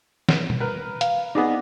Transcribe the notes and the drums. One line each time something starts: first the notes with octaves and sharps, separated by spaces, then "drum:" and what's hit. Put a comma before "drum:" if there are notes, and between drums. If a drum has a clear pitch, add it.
drum: snare
drum: tom B2
A#4 B4
F5, drum: hi-hat
B3 D#4 G#4 D5